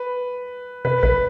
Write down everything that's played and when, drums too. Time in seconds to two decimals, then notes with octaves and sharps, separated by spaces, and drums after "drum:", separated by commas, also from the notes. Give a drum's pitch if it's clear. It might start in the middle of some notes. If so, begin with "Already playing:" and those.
Already playing: B4
0.85 B4, drum: tom B2
1.03 B4, drum: kick A#1